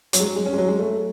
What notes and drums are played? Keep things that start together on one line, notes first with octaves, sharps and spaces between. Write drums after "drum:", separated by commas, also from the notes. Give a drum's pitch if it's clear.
F#3, drum: hi-hat
G#3
F#3
G#3
C#4
G#3
F#3
G#3
A3